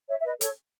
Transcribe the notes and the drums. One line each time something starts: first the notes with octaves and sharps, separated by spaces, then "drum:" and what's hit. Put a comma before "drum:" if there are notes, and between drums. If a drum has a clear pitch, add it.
C#5 E5
E5
B4 D#5
A4 C#5, drum: hi-hat